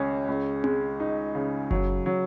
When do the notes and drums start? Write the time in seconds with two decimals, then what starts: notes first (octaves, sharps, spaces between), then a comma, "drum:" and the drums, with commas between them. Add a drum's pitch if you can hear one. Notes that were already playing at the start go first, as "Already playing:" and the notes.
Already playing: C#2 C#4
0.28 C#2
0.64 G#3, drum: tom C4
1.00 D#4
1.35 C#3
1.71 F#3, drum: kick F#1
2.06 F#3